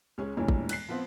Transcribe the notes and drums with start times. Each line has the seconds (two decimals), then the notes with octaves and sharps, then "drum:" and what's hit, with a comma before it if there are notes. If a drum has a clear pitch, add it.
0.18 C#2 C#4 G#4
0.37 E1 D2 G2 A#2 E3 C#5
0.49 drum: kick
0.69 F#6 B6 C7, drum: cymbal
0.88 F3 B3 C4 F4